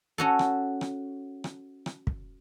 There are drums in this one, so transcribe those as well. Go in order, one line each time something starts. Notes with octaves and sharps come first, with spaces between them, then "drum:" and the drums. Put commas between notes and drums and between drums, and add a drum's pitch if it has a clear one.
C#4 F#4 A4
drum: rim click
drum: rim click
drum: rim click
drum: rim click
drum: kick